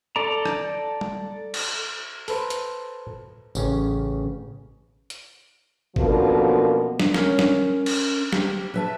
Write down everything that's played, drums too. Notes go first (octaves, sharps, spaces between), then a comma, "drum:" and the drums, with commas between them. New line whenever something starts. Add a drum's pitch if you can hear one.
A4 D5 A#5
drum: rim click
drum: tom
drum: cymbal
A4 B4 C5 A#5, drum: open hi-hat
drum: hi-hat
A1 C#3 C#4, drum: tambourine
drum: hi-hat
F#2 B2 D3 F3 A#3, drum: kick A1
drum: snare
C#4 A#4 C#5, drum: snare
drum: snare
drum: cymbal
G4 C5, drum: snare
B4 E5 A5